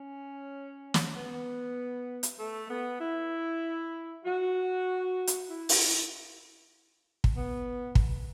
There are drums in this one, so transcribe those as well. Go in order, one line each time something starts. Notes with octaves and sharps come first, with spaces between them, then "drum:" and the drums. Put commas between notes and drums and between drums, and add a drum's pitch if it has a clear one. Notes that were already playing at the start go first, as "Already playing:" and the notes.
Already playing: C#4
drum: snare
B3
drum: hi-hat
A3
B3
E4
F#4
drum: hi-hat
E4
drum: open hi-hat
drum: kick
B3
drum: kick